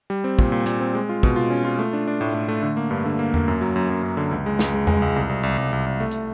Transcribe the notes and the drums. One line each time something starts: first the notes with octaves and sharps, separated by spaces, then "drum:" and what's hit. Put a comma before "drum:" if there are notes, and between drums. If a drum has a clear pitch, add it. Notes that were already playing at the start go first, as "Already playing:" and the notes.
G3
C4
A#2, drum: kick
A#2
A#2, drum: hi-hat
C4
G#3
F4
B2, drum: kick
F4
C#4
F4
A3
D4
D4
A2
A2
A3
D3
A#3
G2
D3
A#3
A#3, drum: tom E2
F#2
F#3
F#2
F#2
F#2
D3
C#2
G#3
C#2, drum: snare
G#3
G#3, drum: tom E2
C#2
C2
C2
C2
C2
C2
C2
A3
drum: hi-hat